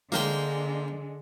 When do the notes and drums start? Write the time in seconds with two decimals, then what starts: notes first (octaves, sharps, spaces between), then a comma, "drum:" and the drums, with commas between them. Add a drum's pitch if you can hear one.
0.12 D3 G#3 A#3 C5 G5, drum: snare